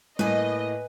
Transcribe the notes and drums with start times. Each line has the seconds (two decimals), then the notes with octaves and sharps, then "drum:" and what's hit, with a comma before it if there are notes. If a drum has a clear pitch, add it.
0.19 A2 A#3 B4 D#5 G#5, drum: tom G3